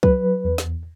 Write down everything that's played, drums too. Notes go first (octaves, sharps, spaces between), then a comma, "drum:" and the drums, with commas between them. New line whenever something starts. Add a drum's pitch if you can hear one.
F#3 B4, drum: kick
E2
drum: snare